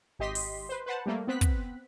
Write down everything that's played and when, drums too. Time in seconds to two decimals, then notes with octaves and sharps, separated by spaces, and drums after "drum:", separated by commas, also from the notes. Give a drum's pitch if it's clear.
0.19 G#1 G4 D#5 C6 B6
0.35 drum: open hi-hat
0.69 B4 C5
0.86 B4 C5 F#5 A5
1.06 G3 A3 A#3
1.27 B3 C4 F#6 B6
1.41 drum: kick, hi-hat